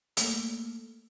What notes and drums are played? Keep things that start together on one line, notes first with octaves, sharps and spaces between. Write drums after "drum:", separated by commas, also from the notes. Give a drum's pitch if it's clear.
A3 A#3 A4, drum: hi-hat